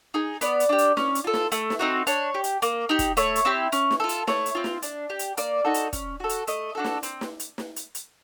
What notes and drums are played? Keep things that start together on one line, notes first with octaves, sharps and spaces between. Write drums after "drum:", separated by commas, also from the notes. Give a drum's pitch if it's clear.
D#4 G#4
B3 D5, drum: hi-hat
drum: hi-hat
D4 G4
drum: hi-hat
C#4, drum: snare
drum: hi-hat
F4 A4
drum: snare
A3, drum: hi-hat
drum: snare
C4 D#4 F#4
D4 C#5, drum: hi-hat
G4
drum: hi-hat
A#3, drum: hi-hat
D#4 G4
drum: kick, hi-hat
A3 C#5, drum: hi-hat
drum: hi-hat
C4 E4 G4
C#4, drum: hi-hat
drum: snare
F4 A4
drum: hi-hat
A3 C#5, drum: snare
drum: hi-hat
C4 F4
drum: snare
D4, drum: hi-hat
G4
drum: hi-hat
A#3 D5, drum: hi-hat
D#4 F#4 A4
drum: hi-hat
C#4, drum: kick, hi-hat
F#4 A4
drum: hi-hat
A3 D#5, drum: hi-hat
D4 F#4 A4
drum: snare
C4, drum: hi-hat
drum: snare
drum: hi-hat
drum: snare
drum: hi-hat
drum: hi-hat